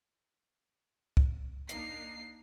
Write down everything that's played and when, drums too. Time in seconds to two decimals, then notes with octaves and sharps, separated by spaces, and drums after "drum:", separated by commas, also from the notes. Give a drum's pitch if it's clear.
1.17 drum: kick C2
1.69 A#3 D4 D#4 C7, drum: hi-hat